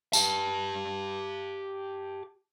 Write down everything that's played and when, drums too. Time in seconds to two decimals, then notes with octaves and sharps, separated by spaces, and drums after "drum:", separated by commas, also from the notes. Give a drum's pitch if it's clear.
0.13 G4 A5, drum: tambourine